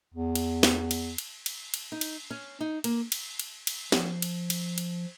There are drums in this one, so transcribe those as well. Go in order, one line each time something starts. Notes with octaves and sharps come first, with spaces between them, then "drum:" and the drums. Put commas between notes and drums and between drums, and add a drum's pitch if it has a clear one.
E2
drum: cymbal
drum: snare
drum: cymbal
drum: cymbal
drum: cymbal
drum: cymbal
D#4
drum: cymbal
C#4
D#4
A#3, drum: cymbal
drum: cymbal
drum: cymbal
drum: cymbal
F3, drum: snare
drum: cymbal
drum: cymbal
drum: cymbal